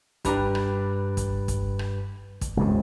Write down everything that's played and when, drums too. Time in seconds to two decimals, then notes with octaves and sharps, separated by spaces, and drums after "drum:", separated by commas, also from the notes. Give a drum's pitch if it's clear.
0.25 G2 G3 D4 G4 B4 A#5, drum: kick, hi-hat
0.55 drum: rim click
1.17 drum: kick, hi-hat
1.48 drum: kick, hi-hat
1.79 drum: rim click
2.41 drum: kick, hi-hat
2.57 C#2 G2 C3